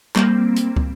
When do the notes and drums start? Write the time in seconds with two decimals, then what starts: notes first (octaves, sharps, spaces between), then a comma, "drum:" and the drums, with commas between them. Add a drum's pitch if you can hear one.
0.16 G3 A#3 C4, drum: clap
0.56 drum: hi-hat
0.76 drum: kick